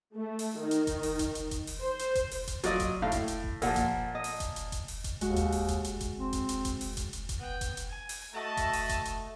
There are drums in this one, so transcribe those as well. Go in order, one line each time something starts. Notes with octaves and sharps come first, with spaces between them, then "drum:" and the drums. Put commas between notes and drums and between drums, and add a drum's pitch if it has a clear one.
A3
drum: open hi-hat
D#3
drum: hi-hat
drum: kick F1, hi-hat
drum: open hi-hat
drum: kick F1, hi-hat
drum: hi-hat
drum: kick F1, hi-hat
drum: open hi-hat
C5
drum: hi-hat
drum: kick F1, hi-hat
drum: open hi-hat
drum: kick F1, hi-hat
F#3 F4 D5 D#5, drum: hi-hat
drum: kick F1, hi-hat
A2 F5
drum: kick F1, hi-hat
drum: hi-hat
drum: kick F1
A#2 F3 A#4 F#5, drum: open hi-hat
drum: kick F1, hi-hat
D#5
drum: open hi-hat
drum: kick F1, hi-hat
drum: hi-hat
drum: kick F1, hi-hat
drum: open hi-hat
drum: kick F1, hi-hat
D#2 G#3 F#4, drum: hi-hat
drum: kick F1, hi-hat
drum: open hi-hat
drum: kick F1, hi-hat
drum: hi-hat
drum: kick F1, hi-hat
C4
drum: kick F1, hi-hat
drum: hi-hat
drum: kick F1, hi-hat
drum: open hi-hat
drum: kick F1, hi-hat
drum: hi-hat
drum: kick F1, hi-hat
B3 G5
drum: kick F1, hi-hat
drum: hi-hat
G#5
drum: open hi-hat
A3 F#4 D#5 E5 A5
drum: kick F1, hi-hat
drum: open hi-hat
drum: kick F1, hi-hat
drum: hi-hat